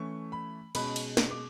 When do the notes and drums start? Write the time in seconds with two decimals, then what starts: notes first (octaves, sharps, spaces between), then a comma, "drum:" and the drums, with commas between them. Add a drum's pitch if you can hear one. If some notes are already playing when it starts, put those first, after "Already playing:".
Already playing: E3 A3 C#4 C#6
0.32 B5
0.75 B2 G#3 C#4 B5, drum: cymbal
0.96 drum: cymbal
1.17 drum: snare
1.31 D6